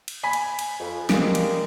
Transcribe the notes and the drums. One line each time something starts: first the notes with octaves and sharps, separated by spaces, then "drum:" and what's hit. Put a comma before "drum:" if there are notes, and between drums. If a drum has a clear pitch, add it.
drum: cymbal
G#5 B5 B6
drum: cymbal
drum: cymbal
F2
G3 G#3 A#3 D7, drum: snare
drum: cymbal